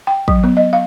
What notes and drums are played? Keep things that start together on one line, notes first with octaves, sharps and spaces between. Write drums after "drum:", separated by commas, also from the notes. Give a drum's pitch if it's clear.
G5
F#3, drum: kick
B3
D#5
F5